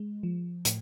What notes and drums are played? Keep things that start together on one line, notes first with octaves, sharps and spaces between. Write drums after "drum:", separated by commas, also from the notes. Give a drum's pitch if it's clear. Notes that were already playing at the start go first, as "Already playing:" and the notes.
Already playing: G#3
F3
A2, drum: hi-hat